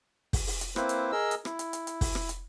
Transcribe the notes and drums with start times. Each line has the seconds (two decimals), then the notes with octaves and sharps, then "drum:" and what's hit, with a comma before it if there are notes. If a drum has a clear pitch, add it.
0.33 drum: kick, open hi-hat
0.47 drum: open hi-hat
0.61 drum: hi-hat
0.76 A#3 C4 E4 B4 C5, drum: rim click
0.89 drum: hi-hat
1.12 G#4 A#4 D#5 E6
1.31 drum: hi-hat
1.45 E4, drum: rim click
1.59 drum: hi-hat
1.73 drum: hi-hat
1.87 drum: hi-hat
2.01 drum: kick, open hi-hat
2.15 drum: rim click
2.29 drum: hi-hat